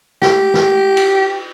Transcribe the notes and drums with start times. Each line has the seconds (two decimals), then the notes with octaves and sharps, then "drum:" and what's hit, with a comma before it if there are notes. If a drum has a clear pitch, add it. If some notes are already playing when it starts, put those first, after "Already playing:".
0.22 G4, drum: snare
0.54 drum: snare
0.97 drum: cymbal